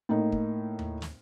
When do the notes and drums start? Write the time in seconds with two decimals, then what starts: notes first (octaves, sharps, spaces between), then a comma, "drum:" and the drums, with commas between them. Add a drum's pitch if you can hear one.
0.09 A2 A#3 D#4
0.32 drum: kick
0.79 drum: tom D#2
1.02 drum: snare